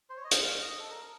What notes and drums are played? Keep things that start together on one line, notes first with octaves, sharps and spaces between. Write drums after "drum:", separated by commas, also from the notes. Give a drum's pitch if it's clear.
C5
C#5
D#5
F5, drum: hi-hat
F5
D#5
A4
A#4